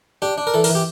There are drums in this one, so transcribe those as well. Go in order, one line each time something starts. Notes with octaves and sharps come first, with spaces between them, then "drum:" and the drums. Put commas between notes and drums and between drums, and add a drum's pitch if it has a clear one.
D4 G4
D4
A#4
E3 A4
A#4, drum: open hi-hat
E3
G4